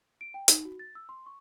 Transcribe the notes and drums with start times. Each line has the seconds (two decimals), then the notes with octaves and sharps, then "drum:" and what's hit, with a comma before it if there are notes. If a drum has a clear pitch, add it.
0.21 D7
0.34 G5
0.48 D#4, drum: hi-hat
0.65 F#4
0.79 A6
0.95 E6
1.09 C6
1.26 C#6